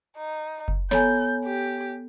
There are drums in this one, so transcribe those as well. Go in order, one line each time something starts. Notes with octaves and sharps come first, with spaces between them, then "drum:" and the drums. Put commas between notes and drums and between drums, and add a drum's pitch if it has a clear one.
D#4
drum: kick F#1
B3 A4 C#5 G#5 A#5 G6, drum: snare
G4